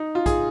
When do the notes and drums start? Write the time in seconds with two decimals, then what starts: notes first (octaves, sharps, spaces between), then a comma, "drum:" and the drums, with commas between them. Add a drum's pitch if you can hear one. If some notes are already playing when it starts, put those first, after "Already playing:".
Already playing: D#4
0.15 F4
0.26 G#4, drum: kick A#1, hi-hat